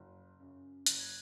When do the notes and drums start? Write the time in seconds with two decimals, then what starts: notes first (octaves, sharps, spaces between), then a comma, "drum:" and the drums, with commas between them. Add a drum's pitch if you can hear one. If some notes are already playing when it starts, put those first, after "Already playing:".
Already playing: F#1
0.40 F#2 C#3
0.86 F#1 F#6, drum: hi-hat
0.99 G#6